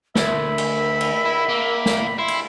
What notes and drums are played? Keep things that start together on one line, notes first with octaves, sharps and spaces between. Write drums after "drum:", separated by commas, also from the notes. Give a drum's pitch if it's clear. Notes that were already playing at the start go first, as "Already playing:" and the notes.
D2 A#4 E5 B5, drum: snare
drum: cymbal
drum: cymbal
E4
A#3
drum: snare
E4 E5 C6
drum: cymbal